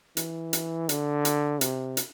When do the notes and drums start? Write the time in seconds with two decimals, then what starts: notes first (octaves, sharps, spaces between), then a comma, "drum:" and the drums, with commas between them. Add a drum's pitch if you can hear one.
0.17 E3, drum: hi-hat
0.53 drum: hi-hat
0.89 D3, drum: hi-hat
1.25 drum: hi-hat
1.61 C3, drum: hi-hat
1.97 drum: hi-hat